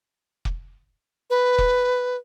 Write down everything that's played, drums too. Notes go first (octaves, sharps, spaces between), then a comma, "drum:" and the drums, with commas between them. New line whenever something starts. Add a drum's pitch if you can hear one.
drum: kick
B4
drum: kick